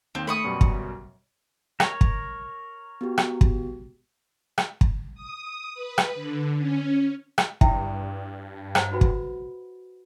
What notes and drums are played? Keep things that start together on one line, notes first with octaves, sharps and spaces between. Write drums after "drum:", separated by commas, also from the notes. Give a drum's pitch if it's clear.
D#2 C4
A3 B5 C#6 D#6
F#2 B2 G3
drum: kick
A#4 C#5, drum: rim click
drum: kick
B3 F#4 G4
drum: rim click
drum: kick
drum: rim click
drum: kick
D#6
B4
drum: rim click
D3
C#4
drum: rim click
G2 E4 E5 G5, drum: kick
C5 F#5 A#5, drum: rim click
F#4 B4 B5
drum: kick